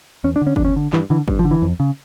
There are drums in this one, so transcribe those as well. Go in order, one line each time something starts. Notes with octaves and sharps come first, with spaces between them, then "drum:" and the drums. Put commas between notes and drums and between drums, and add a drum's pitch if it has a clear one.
E2 C#4
D4
D3
C#4
E2 D4, drum: kick G1
C#4
D3
G2 E3, drum: clap
D3 E3
G2, drum: kick G1
F3
D3
E3
F2
C#3